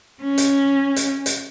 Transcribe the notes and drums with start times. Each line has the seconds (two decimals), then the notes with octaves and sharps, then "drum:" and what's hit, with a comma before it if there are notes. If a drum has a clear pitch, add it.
0.23 C#4
0.38 drum: hi-hat
0.96 drum: hi-hat
1.26 drum: hi-hat